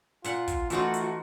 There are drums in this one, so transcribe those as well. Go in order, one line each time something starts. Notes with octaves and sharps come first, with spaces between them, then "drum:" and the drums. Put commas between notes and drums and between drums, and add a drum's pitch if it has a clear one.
A#2 F4 F#5, drum: hi-hat
drum: kick, hi-hat
E3 A3 D#4 F4 F#4, drum: hi-hat
drum: hi-hat